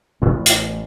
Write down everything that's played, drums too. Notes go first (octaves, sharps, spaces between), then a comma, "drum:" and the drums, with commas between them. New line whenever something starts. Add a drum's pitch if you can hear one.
A1 A2 B3
drum: hi-hat